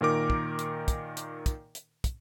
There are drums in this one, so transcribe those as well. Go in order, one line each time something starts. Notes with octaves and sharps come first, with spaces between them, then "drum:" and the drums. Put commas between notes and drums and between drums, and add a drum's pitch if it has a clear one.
A#2 D#3 A#4 D6
drum: kick
drum: hi-hat
drum: kick, hi-hat
drum: hi-hat
drum: kick, hi-hat
drum: hi-hat
drum: kick, hi-hat